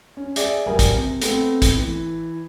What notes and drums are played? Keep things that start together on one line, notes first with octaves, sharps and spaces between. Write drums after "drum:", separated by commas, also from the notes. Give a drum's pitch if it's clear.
C#4
G#4 D5 E5 G#5, drum: hi-hat
F#1 G3 A#4 G#5
drum: kick, hi-hat
C3
A3 B3 C4, drum: hi-hat
drum: kick, hi-hat
E3